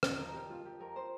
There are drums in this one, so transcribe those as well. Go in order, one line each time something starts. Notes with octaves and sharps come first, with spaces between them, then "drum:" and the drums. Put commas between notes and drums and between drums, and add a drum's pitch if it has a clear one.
D#3 D#5, drum: rim click
F2 A#4
F2 G4
F2 F4
F2 G4
F2 A#4
C5